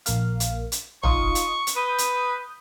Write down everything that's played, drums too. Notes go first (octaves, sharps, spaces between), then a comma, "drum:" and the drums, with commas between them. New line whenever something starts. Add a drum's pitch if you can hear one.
A#1 A#3 F5, drum: hi-hat
drum: hi-hat
drum: hi-hat
D#4 F4 C#6 D#6, drum: tom
drum: hi-hat
drum: hi-hat
B4 D#6 G6
drum: hi-hat